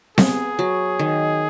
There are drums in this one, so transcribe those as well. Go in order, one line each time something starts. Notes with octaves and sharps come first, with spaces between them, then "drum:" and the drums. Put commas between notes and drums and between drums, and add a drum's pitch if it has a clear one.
B3 G#4, drum: snare C4
F#3
D#3